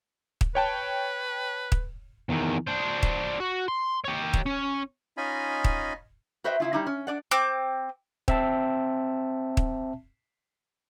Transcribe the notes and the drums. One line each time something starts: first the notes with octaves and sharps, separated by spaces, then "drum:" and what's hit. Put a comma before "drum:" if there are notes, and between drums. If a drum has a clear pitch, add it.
drum: kick
B4 C#5 G5 A5
drum: kick
E2 D#3
D4 C5
drum: kick
F#4
C6
G4 C#5
drum: kick
C#4
C#4 D#4 F4 D#5 G#5 B5
drum: kick
F#4 B4 C5 D#5 E5 G5
C#3 E4 F4
G3 D#4 E4
C#4
D4 D5 F#5
C4 D6
C4 E5 A5, drum: kick
drum: kick